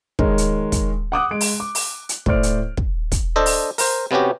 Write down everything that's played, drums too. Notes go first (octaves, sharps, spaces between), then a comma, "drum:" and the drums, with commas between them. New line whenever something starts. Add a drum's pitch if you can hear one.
D#3 G#3 A#4 C#5, drum: kick
drum: hi-hat
drum: kick, hi-hat
F#5 D6 D#6 F#6
G#3 D7
drum: open hi-hat
D6
drum: open hi-hat
drum: hi-hat
A2 E4 C5 D5 F6 D7, drum: kick
drum: hi-hat
drum: kick
drum: kick, hi-hat
D4 A4 C5 D#5
drum: open hi-hat
A#4 C5, drum: open hi-hat
C3 B3 C#4 F#4 G4